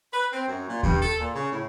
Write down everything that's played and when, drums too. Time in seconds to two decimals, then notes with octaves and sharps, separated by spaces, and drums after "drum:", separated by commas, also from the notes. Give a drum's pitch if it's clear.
0.13 B4
0.33 C4
0.48 F#2
0.68 A#2
0.83 G2, drum: kick D#2
1.02 A4
1.20 A#2
1.34 C#3
1.51 A2